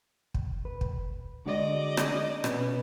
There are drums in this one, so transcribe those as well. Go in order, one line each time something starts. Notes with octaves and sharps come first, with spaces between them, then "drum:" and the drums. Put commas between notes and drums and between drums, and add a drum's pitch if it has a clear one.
drum: kick
B4
drum: kick
D3 G#3 F#4 D5 D#5
drum: rim click
B2 B3 C#4, drum: rim click